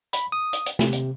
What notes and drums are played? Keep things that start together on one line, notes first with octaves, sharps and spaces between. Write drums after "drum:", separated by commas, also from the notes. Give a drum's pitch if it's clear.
B5, drum: hi-hat
D#6
drum: hi-hat
drum: hi-hat
C3, drum: snare
drum: hi-hat